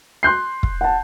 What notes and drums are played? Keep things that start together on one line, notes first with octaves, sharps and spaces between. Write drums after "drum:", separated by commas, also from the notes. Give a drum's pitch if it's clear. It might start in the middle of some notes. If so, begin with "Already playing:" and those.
C6 F#6 G6 C7
drum: kick
F#5 A5